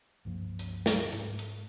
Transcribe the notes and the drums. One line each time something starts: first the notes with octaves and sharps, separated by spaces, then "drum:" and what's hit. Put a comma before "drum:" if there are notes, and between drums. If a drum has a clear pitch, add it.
C#2 G2 F3 A#3
drum: hi-hat
drum: snare
G#2 G#3, drum: hi-hat
drum: hi-hat